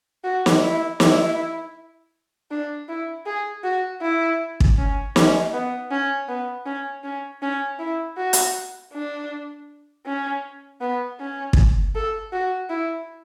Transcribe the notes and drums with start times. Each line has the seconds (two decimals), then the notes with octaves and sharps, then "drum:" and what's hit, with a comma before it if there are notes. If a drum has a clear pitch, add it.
0.24 F#4
0.46 drum: snare
0.62 E4
1.00 E4, drum: snare
2.51 D4
2.89 E4
3.26 G#4
3.64 F#4
4.01 E4
4.60 drum: kick
4.78 C#4
5.16 C#4, drum: snare
5.53 B3
5.91 C#4
6.28 B3
6.66 C#4
7.04 C#4
7.42 C#4
7.79 E4
8.17 F#4
8.33 drum: hi-hat
8.93 D4
10.06 C#4
10.81 B3
11.20 C#4
11.53 drum: kick
11.95 A4
12.32 F#4
12.70 E4